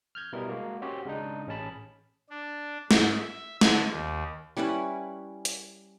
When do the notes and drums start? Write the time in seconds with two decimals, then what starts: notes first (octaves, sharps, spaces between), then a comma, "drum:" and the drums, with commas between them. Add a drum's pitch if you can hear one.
0.15 F6 G6 G#6
0.33 B2 G3 B3 E4 A#4
0.49 G#3 A#3 F#4
0.82 C4 C#4 F#4 G4 C5 C#5
1.05 C#3 G#3 D4 D#4
1.47 A1 C#4 G#4 A5 B5
2.30 D4
2.91 G#2, drum: snare
3.19 E5
3.61 D3, drum: snare
3.90 D#2
4.57 G3 C#4 E4 B4
5.45 drum: hi-hat